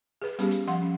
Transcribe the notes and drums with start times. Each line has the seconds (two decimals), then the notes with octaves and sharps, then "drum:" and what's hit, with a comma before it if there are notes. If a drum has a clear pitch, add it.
0.22 G#4 B4
0.39 G3 B3 C#4 G4 G#4, drum: hi-hat
0.51 drum: hi-hat
0.67 F3 F5 F#5 C6
0.82 C#4